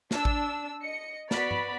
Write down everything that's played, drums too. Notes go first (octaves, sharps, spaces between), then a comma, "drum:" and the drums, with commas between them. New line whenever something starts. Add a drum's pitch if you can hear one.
D4 E6, drum: snare
drum: kick A1
D#5 C#7
B3 F#4 D5 B5, drum: snare
drum: tom G2